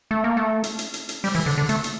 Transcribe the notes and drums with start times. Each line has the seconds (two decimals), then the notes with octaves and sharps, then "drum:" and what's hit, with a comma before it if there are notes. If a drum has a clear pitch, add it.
0.11 A3
0.24 A#3
0.37 A3
0.64 drum: hi-hat
0.79 drum: hi-hat
0.94 drum: hi-hat
1.09 drum: hi-hat
1.24 G3, drum: open hi-hat
1.35 E3
1.46 D3
1.58 D3
1.69 A3, drum: hi-hat
1.84 drum: hi-hat